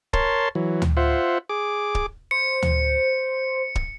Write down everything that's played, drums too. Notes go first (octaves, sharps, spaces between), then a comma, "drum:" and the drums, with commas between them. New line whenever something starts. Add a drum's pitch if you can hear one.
A#4 C#5 A5 C6, drum: kick
E3 F#3
drum: tom D2
F4 C5 E5 F#5
G#4 D6
drum: kick
C5 C#7
drum: tom D2
drum: kick